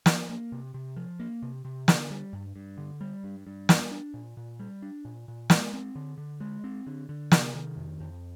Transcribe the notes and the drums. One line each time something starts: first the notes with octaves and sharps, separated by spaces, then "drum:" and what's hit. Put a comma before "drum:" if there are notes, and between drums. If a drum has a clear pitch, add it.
F3, drum: snare
A#3
C3
C3
F3
A#3
C3
C3
D3, drum: snare
G3
G2
G2
D3
G3
G2
G2
G3, drum: snare
D4
A#2
A#2
G3
D4
A#2
A#2
G#3, drum: snare
C4
D3
D3
G#3
C4
D3
D3
C3, drum: snare
D#3
F2
F2